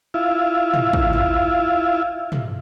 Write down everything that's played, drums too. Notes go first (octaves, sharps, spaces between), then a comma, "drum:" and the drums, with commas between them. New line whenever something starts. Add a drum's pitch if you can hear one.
E4 F4
drum: tom
drum: kick
drum: tom
drum: tom